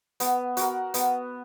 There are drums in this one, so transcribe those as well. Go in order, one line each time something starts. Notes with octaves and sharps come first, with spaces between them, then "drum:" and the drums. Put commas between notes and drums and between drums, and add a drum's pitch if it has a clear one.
B3, drum: hi-hat
F#4 A#4, drum: hi-hat
B3, drum: hi-hat